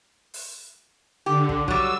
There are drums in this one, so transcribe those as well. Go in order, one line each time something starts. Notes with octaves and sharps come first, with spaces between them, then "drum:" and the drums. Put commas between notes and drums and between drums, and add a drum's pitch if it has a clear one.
drum: open hi-hat
D3 G4
drum: kick
F#3 G3 E6, drum: kick